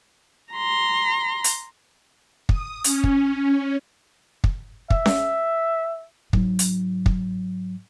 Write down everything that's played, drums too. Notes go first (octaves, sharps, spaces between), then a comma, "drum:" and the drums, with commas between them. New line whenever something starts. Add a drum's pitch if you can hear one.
A#5 C6
drum: hi-hat
D#6, drum: kick
C#4, drum: hi-hat
drum: kick
drum: kick
E5, drum: kick
drum: snare C#4
G#2 F#3, drum: kick
drum: hi-hat
drum: kick